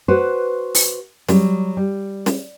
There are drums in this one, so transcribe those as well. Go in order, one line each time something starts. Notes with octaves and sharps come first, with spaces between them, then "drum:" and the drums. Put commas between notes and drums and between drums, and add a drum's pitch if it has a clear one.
F#4 B4 C5
drum: open hi-hat
F#3 G3, drum: snare
G3
drum: snare